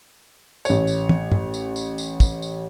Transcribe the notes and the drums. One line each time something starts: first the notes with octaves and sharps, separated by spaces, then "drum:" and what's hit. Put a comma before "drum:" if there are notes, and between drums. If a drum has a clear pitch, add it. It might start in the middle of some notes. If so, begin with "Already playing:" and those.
A1 C#5, drum: tambourine
drum: tambourine
drum: tom
drum: tom
drum: tambourine
drum: tambourine
drum: tambourine
drum: kick, tambourine
drum: tambourine